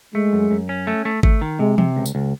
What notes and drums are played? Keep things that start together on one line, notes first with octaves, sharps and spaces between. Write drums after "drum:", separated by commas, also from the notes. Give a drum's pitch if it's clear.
G#3 A3
F#2
F#2
C#4
A3
A3
A3, drum: kick G#1
D#3
C3 G#3
C3, drum: tom E3
C#2
drum: tambourine
C#2